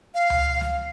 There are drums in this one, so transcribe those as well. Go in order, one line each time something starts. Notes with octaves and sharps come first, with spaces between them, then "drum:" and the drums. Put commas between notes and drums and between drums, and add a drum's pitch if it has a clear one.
F5
drum: tom C#2
drum: snare